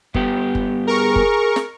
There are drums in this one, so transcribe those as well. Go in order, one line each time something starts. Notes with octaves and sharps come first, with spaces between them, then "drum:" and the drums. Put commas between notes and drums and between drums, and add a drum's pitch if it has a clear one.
G2 B3 G4, drum: kick
drum: kick
G#4 A#4 C#6
drum: kick
drum: snare